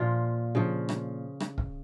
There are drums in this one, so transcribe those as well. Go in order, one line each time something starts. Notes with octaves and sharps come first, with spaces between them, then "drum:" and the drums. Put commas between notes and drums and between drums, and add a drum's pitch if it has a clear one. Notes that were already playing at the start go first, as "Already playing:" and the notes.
Already playing: A#2 F3 F4
C#3 F3
drum: rim click
drum: rim click
drum: kick